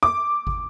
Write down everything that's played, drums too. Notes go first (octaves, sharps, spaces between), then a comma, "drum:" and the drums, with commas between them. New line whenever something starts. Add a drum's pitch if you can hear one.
D6
drum: kick